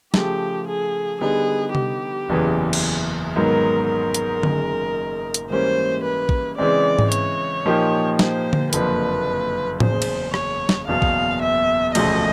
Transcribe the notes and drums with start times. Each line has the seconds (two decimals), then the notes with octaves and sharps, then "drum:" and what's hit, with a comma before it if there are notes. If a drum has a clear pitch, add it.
0.14 C#3 F3 A3 G4, drum: snare
0.68 G#4
1.21 D3 G3 B3 D#4 G#4
1.75 G4, drum: tom C3
2.29 F#1 E2 C#3 E3
2.73 drum: cymbal
3.36 G#2 D#3 F#3 B3 D#4 A#4
3.90 A#4
4.14 drum: hi-hat
4.43 F#1 F#2 D#3 G#3, drum: tom D3
5.34 drum: hi-hat
5.50 G#2 E3 G3 A#3 C#4 C5
6.04 B4
6.29 drum: kick
6.58 C#3 E3 G#3 C4 D5
6.99 drum: tom G#2
7.12 C#5, drum: hi-hat
7.66 A#2 F3 A#3 D#4 G4
8.19 C5, drum: snare
8.53 drum: tom D3
8.73 F#1 F2 D3 F3 A#3 B4, drum: hi-hat
9.80 F#1 E2 C#3 C5, drum: tom A2
10.02 drum: cymbal
10.34 C#5, drum: rim click
10.69 drum: snare
10.87 F#1 E2 B2 F5
11.02 drum: kick
11.42 E5
11.95 E1 D2 C#3 F3 A3 D#5, drum: cymbal